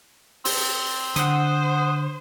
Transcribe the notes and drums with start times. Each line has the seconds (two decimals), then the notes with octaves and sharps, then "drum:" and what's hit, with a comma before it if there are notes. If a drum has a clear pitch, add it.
0.45 C4, drum: open hi-hat
1.16 D3 C5 F#5 D#6, drum: hi-hat